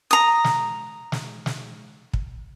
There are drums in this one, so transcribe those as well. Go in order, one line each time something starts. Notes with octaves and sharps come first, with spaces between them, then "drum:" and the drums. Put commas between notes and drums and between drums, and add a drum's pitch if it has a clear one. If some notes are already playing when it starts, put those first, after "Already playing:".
A#5 D#6
drum: snare
drum: snare
drum: snare
drum: kick